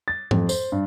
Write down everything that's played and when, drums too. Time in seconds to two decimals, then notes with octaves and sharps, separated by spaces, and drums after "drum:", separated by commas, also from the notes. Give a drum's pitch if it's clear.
0.08 A6
0.31 F2, drum: tom G#2
0.49 C5, drum: tambourine
0.72 G2